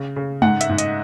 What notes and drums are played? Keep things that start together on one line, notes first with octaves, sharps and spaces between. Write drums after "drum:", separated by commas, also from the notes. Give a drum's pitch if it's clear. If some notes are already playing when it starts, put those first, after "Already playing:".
Already playing: C#3
C#3
G#2 F#5, drum: tom G#3
E5, drum: hi-hat
G#2
D#5, drum: hi-hat